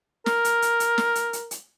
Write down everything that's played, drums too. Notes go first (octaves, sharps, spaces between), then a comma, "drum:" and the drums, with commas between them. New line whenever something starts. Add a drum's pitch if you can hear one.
A#4, drum: snare
drum: hi-hat
drum: hi-hat
drum: hi-hat
drum: snare
drum: hi-hat
drum: hi-hat
drum: hi-hat